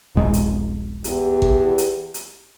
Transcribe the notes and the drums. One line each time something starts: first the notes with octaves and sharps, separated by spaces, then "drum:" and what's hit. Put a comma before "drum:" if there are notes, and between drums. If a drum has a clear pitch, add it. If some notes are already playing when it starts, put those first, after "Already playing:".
D#1 A#1 G#3
drum: hi-hat
E2 G4, drum: hi-hat
drum: kick G#1
drum: hi-hat
drum: hi-hat